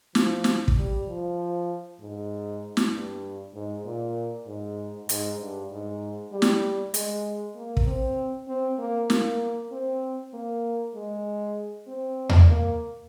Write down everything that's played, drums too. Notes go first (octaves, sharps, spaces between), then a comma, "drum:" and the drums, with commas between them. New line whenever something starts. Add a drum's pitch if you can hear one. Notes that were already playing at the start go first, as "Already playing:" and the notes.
F3, drum: snare
drum: snare
drum: kick
G3
F3
G#2
drum: snare
G2
G#2
A#2
G#2
G#2, drum: hi-hat
G2
G#2
G3
drum: snare
G#3, drum: hi-hat
A#3
drum: kick
C4
C4
A#3
A#3, drum: snare
C4
A#3
G#3
C4
drum: tom E2
A#3